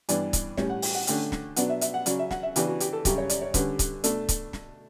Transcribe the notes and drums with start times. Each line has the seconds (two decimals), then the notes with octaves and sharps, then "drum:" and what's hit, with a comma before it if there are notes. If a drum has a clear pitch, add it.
0.09 G2 E3 B3 D4 D5, drum: hi-hat
0.33 drum: kick C#1, hi-hat
0.57 A2 G3 C#4 C#5, drum: snare
0.70 F#5
0.82 G5, drum: open hi-hat
0.95 F#5
1.07 D3 A3 C#4 G5, drum: hi-hat
1.32 drum: snare
1.56 B2 F#3 B3 D4 F#5, drum: hi-hat
1.69 E5
1.81 E5, drum: hi-hat
1.94 F#5
2.06 C#3 F#3 C#4 D5, drum: hi-hat
2.19 E5
2.31 F#5, drum: snare
2.43 E5
2.56 C#3 E3 B3 D4 G4, drum: hi-hat
2.67 F#4
2.80 G4, drum: hi-hat
2.93 A4
3.05 F#2 C#3 G3 C#4 G4, drum: kick C#1, hi-hat
3.18 C#5
3.29 D5, drum: hi-hat
3.42 C#5
3.54 D3 G3 C#4 B4, drum: kick C#1, hi-hat
3.79 drum: kick C#1, hi-hat
4.04 B2 A3 D4 A4, drum: hi-hat
4.29 drum: kick C#1, hi-hat
4.53 drum: snare